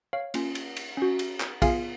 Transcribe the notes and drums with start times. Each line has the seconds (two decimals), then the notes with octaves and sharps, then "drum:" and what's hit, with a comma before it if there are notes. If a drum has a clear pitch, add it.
0.13 C#5 F5
0.34 A#3 C#4 F4, drum: cymbal
0.55 drum: cymbal
0.76 drum: cymbal
0.97 C#4 F#4
1.19 drum: cymbal
1.40 drum: clap
1.62 B3 F4 G#4 F5 G#5, drum: kick, cymbal